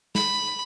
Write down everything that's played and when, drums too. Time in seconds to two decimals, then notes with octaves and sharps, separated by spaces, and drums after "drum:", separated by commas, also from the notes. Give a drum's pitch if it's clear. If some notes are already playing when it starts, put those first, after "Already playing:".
0.15 B5, drum: snare